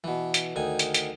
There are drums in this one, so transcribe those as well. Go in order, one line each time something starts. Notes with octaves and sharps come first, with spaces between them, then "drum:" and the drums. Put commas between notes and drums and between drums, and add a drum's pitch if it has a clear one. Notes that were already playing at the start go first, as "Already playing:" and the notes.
B2 E3
drum: hi-hat
D2 D#3 G#5
drum: hi-hat
drum: hi-hat